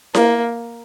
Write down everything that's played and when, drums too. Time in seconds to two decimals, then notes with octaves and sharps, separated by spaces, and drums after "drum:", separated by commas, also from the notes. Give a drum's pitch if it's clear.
0.15 A#3, drum: snare E4